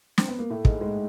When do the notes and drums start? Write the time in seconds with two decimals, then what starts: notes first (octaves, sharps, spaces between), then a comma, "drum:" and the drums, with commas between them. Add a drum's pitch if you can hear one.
0.18 C4, drum: snare
0.28 B3
0.39 A#3
0.50 A2 A3
0.65 G#2 G#3, drum: kick
0.81 G#2 G#3